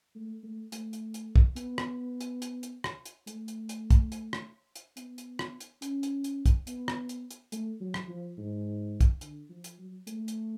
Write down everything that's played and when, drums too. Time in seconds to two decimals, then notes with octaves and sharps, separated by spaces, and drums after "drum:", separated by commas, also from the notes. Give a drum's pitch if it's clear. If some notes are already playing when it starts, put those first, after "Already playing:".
0.15 A3
0.44 A3
0.72 A3, drum: hi-hat
0.93 drum: hi-hat
1.14 drum: hi-hat
1.36 drum: kick
1.56 B3, drum: hi-hat
1.78 drum: rim click
2.21 drum: hi-hat
2.42 drum: hi-hat
2.63 drum: hi-hat
2.84 drum: rim click
3.06 drum: hi-hat
3.27 A3, drum: hi-hat
3.48 drum: hi-hat
3.69 drum: hi-hat
3.91 drum: kick, hi-hat
4.12 drum: hi-hat
4.33 drum: rim click
4.76 drum: hi-hat
4.97 B3, drum: hi-hat
5.18 drum: hi-hat
5.39 drum: rim click
5.61 drum: hi-hat
5.82 C#4, drum: hi-hat
6.03 drum: hi-hat
6.24 drum: hi-hat
6.46 drum: kick, hi-hat
6.67 B3, drum: hi-hat
6.88 drum: rim click
7.09 drum: hi-hat
7.31 drum: hi-hat
7.52 A3, drum: hi-hat
7.81 F#3
7.94 drum: rim click
8.08 F3
8.37 G#2
9.01 drum: kick, hi-hat
9.21 D3, drum: hi-hat
9.50 F3
9.64 drum: hi-hat
9.79 F#3
10.07 A3, drum: hi-hat
10.28 drum: hi-hat